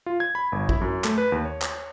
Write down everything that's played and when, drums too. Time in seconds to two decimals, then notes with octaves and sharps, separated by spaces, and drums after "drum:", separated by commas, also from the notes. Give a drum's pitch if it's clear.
0.06 F4
0.20 G#6
0.35 B5
0.52 G1
0.69 E4, drum: kick
0.81 F#2
1.04 A3, drum: clap
1.18 B4
1.32 D#2
1.45 C#5
1.62 drum: clap